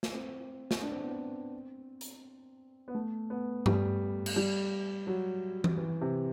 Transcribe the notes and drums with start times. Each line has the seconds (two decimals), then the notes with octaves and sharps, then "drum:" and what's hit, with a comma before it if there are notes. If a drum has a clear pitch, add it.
0.03 drum: snare
0.13 C4
0.71 drum: snare
0.83 D4
0.92 C4
1.01 B3
1.10 C4
2.01 drum: hi-hat
2.88 B3
2.95 A3
3.30 B3
3.66 G3, drum: tom G2
4.26 drum: cymbal
4.36 G3
5.07 F#3
5.64 drum: tom E3
5.77 E3
6.01 C3